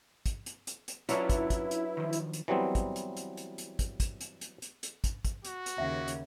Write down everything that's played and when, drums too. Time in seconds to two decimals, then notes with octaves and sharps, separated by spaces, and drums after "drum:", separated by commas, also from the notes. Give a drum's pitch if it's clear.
0.26 drum: kick, hi-hat
0.46 drum: hi-hat
0.67 drum: hi-hat
0.88 drum: hi-hat
1.09 F#3 C#4 D4 E4 F4 B4 C#5, drum: hi-hat
1.30 drum: kick, hi-hat
1.50 drum: kick, hi-hat
1.71 drum: hi-hat
1.97 D#3 F3
2.13 drum: hi-hat
2.33 drum: hi-hat
2.48 E3 F#3 G3 B3 C4
2.75 drum: kick, hi-hat
2.96 drum: hi-hat
3.17 drum: hi-hat
3.37 drum: hi-hat
3.58 drum: hi-hat
3.79 drum: kick, hi-hat
4.00 drum: kick, hi-hat
4.21 drum: hi-hat
4.41 drum: hi-hat
4.62 drum: hi-hat
4.83 drum: hi-hat
5.04 drum: kick, hi-hat
5.25 drum: kick, hi-hat
5.45 F#4, drum: hi-hat
5.66 drum: hi-hat
5.78 D#2 C#3 E5 F#5
6.08 drum: hi-hat